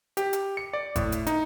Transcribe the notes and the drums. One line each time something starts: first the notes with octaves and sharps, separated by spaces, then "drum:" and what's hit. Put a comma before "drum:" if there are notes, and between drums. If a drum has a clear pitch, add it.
G4, drum: hi-hat
drum: hi-hat
C#7
D5
A2, drum: kick G1, hi-hat
drum: hi-hat
D#4, drum: hi-hat